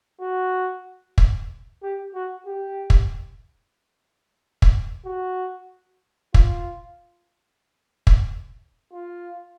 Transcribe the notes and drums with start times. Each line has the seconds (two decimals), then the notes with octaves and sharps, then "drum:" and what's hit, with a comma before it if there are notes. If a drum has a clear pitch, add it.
0.21 F#4
1.18 drum: kick
1.82 G4
2.15 F#4
2.46 G4
2.90 drum: kick
4.62 drum: kick
5.06 F#4
6.34 F4, drum: kick
8.07 drum: kick
8.93 F4